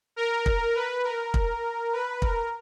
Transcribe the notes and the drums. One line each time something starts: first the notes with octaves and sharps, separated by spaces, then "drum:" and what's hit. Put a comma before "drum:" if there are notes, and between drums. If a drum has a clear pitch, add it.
A#4
drum: kick
B4
A#4
drum: kick
B4
A#4, drum: kick